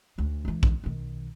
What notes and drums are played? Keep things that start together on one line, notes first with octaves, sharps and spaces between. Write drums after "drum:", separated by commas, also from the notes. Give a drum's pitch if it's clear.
D2 C#3
C#2 E3
drum: kick A#1
B1 D#3